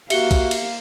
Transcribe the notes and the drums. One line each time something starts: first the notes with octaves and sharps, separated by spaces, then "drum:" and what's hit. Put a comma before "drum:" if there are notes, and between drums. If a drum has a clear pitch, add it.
A#3 F#4 G4 E5 F5 C#7 G7, drum: cymbal
drum: kick, cymbal
drum: cymbal